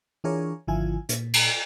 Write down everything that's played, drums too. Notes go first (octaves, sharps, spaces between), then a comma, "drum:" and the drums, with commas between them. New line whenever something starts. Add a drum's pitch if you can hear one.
E3 D4 F4 G#4 A#4 C#5
G#1 D3 F3 E4 F4 G#5
A#2, drum: hi-hat
drum: cymbal